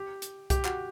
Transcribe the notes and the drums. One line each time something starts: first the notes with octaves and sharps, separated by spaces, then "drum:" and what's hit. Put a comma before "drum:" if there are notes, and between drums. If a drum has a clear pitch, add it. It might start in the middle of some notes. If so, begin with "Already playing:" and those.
Already playing: G4
drum: hi-hat
G4, drum: kick C2, hi-hat
F#4, drum: clap